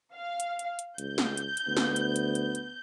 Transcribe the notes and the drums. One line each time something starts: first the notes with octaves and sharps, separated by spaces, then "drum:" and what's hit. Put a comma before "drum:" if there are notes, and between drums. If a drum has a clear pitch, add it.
F5
drum: hi-hat
drum: hi-hat
drum: hi-hat
C#2 G6, drum: hi-hat
drum: snare
drum: hi-hat
drum: hi-hat
D2 B3
drum: snare
drum: hi-hat
drum: hi-hat
drum: hi-hat
drum: hi-hat